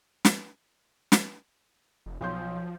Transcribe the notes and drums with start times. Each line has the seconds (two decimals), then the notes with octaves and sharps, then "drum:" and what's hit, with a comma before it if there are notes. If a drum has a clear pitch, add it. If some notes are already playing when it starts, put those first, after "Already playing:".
0.25 drum: snare
1.12 drum: snare
2.06 F1
2.21 B1 F3 C6 G6